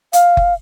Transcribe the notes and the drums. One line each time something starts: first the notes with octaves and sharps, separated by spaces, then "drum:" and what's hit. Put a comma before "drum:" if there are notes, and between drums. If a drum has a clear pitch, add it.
F5, drum: hi-hat
drum: kick F#1